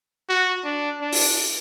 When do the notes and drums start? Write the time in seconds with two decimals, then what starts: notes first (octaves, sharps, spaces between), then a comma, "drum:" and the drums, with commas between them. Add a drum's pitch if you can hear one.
0.29 F#4
0.65 D4
1.01 D4
1.12 drum: open hi-hat